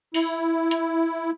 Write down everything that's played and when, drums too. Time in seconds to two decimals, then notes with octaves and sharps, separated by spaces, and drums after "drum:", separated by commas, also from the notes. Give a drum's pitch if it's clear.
0.14 E4, drum: open hi-hat
0.71 drum: hi-hat